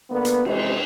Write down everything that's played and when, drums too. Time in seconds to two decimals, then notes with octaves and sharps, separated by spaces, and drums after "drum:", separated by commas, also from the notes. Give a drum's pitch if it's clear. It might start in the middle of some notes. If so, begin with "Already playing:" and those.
0.10 D3 A#3 B3
0.25 drum: hi-hat
0.45 F2 C3 E3 G#3, drum: cymbal